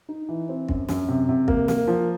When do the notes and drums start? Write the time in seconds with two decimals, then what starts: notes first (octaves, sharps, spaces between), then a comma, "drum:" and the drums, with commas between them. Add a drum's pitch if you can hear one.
0.09 D#4
0.29 E3
0.49 C4
0.69 F#2, drum: kick
0.88 F#2, drum: snare
1.08 C3
1.29 C3
1.48 A#3, drum: kick
1.68 A#3, drum: snare
1.88 F3